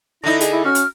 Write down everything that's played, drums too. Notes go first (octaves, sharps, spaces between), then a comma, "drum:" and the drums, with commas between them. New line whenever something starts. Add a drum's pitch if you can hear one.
D3 D#4 E4 A#6
G#4 D#5, drum: hi-hat
E4
C#4 F#4 F6
drum: hi-hat